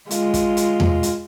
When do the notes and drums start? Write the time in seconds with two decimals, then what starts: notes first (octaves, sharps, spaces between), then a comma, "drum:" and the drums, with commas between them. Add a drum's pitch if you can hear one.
0.11 G#3 F4, drum: hi-hat
0.34 drum: kick, hi-hat
0.57 drum: hi-hat
0.80 drum: tom E2
1.03 drum: hi-hat